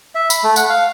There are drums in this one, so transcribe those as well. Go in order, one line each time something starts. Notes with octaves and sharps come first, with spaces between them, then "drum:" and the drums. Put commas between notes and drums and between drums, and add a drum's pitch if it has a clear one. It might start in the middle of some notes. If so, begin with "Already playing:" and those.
E5
B5, drum: tambourine
A3
F#5, drum: tambourine
F5